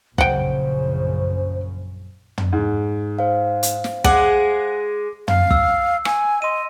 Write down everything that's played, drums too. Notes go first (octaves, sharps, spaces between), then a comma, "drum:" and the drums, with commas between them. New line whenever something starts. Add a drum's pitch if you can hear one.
A#1 F#2 C#3 C5 F#5 G5, drum: kick
drum: tom
G#2
C5 F5
drum: hi-hat
drum: snare
G#3 G#4 F#5 D6, drum: kick
F5, drum: tom
E6, drum: kick
G#5, drum: rim click
D#5 C6 D#7